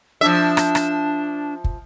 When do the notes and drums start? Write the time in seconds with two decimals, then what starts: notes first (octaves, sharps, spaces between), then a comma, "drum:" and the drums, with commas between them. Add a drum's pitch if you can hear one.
0.21 F3 D4 E5
0.57 drum: rim click
0.75 drum: rim click
1.64 drum: kick